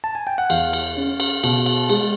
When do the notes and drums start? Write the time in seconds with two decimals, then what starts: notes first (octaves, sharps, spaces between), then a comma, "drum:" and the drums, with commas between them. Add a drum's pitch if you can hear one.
0.04 A5
0.15 G#5
0.27 G5
0.38 F#5
0.50 E2 F5, drum: cymbal
0.73 drum: cymbal
0.97 C#4
1.20 drum: cymbal
1.44 B2, drum: cymbal
1.66 drum: cymbal
1.89 G#3, drum: cymbal